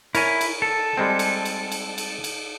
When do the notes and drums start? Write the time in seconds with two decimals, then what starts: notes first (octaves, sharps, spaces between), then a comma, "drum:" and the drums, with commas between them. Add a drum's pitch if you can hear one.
0.15 E4 A#4 C#5 G#5, drum: cymbal
0.41 drum: cymbal
0.62 A4
0.97 G3 G#3 C4
1.19 drum: cymbal
1.45 drum: cymbal
1.72 drum: cymbal
1.98 drum: cymbal
2.24 drum: cymbal